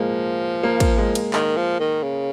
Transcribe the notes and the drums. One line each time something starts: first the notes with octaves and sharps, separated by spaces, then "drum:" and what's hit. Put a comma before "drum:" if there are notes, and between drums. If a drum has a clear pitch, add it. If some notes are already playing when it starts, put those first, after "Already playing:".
Already playing: F3 G#3 A#3
A#3
drum: kick, cymbal
G#3
drum: cymbal
D#3, drum: clap
F3
D#3
C#3